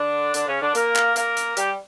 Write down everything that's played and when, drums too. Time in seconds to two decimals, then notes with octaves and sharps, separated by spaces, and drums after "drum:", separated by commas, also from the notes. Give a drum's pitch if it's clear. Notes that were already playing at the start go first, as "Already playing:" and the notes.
Already playing: D3 D4
0.34 D3 D4, drum: hi-hat
0.47 C#3 C#4
0.61 D3 D4
0.75 A#3 A#4, drum: hi-hat
0.96 drum: clap
1.16 A#3 A#4, drum: hi-hat
1.37 drum: hi-hat
1.57 G3 G4, drum: hi-hat